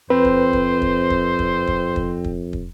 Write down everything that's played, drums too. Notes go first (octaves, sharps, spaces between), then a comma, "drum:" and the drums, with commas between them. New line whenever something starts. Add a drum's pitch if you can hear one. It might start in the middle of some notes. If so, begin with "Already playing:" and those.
F2 C4 B4 C5
drum: kick
drum: kick
drum: kick
drum: kick
drum: kick
drum: kick
drum: kick
drum: kick
drum: kick